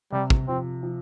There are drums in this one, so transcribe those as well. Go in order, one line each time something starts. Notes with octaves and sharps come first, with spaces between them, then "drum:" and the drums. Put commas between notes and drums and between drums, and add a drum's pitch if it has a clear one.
C3 G3
drum: kick
F3 C4
F3